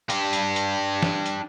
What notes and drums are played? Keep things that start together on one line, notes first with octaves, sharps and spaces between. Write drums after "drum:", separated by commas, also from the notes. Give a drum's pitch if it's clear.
D4 G4, drum: hi-hat
drum: hi-hat
drum: hi-hat
drum: snare
drum: hi-hat